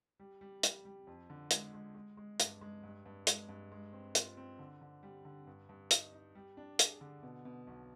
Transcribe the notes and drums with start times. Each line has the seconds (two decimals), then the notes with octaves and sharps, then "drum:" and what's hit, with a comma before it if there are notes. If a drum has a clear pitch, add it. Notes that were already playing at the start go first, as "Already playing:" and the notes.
0.20 G3
0.41 G3
0.63 G3, drum: hi-hat
0.85 G3
1.07 F2
1.30 D3
1.51 G#3, drum: hi-hat
1.74 G#3
1.95 G#3
2.17 G#3
2.40 G2, drum: hi-hat
2.61 G#3
2.83 G2
3.06 G2
3.27 G#3, drum: hi-hat
3.49 G2
3.72 G#3
3.93 C4
4.15 F4, drum: hi-hat
4.37 C4
4.59 D3
4.81 D3
5.03 G3
5.25 D3
5.47 G2
5.69 G2
5.91 D#4, drum: hi-hat
6.13 D#4
6.35 G3
6.57 D4
6.79 G#4, drum: hi-hat
7.01 D3
7.23 B2
7.45 B2
7.67 B1